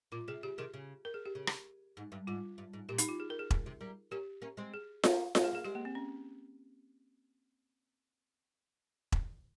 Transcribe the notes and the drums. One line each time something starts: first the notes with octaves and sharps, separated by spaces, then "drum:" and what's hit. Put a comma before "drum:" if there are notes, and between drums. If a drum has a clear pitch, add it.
A#2 F4
C3 G#4
C#3 G4
C3 D#3 G#4
C#3
A#4
G#4
G4
C#3
drum: rim click
G#2
G2
G#2 F4
G2
G#2
A#2 G4
D#4, drum: hi-hat
F4
G#4
A#4
G#4
G#2, drum: kick E1
C3
G3 A#3
A#3 C#4 G4
A#3 C#4
G#3 C4
G#4
A#3 C#4, drum: snare F4
A#4, drum: snare F4
G#3 G#4
A#3 G#4
G#3 C4 G4
A#3
C4
C#4
drum: kick E1